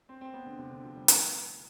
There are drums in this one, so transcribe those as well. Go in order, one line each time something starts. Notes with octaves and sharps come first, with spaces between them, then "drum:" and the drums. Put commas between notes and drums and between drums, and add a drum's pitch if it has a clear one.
C4
C4
B3
D3
C3
D3
F3
G3
A3, drum: hi-hat